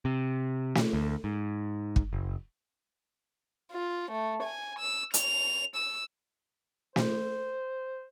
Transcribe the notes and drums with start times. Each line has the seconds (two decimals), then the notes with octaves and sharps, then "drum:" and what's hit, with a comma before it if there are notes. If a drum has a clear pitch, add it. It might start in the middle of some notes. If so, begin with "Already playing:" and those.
0.05 C3
0.75 drum: snare
0.93 D2
1.24 G#2
1.96 drum: kick
2.13 F#1
3.72 F4
4.11 A3
4.43 G#5
4.79 E6
5.14 F7, drum: hi-hat
5.76 E6
6.96 C5, drum: snare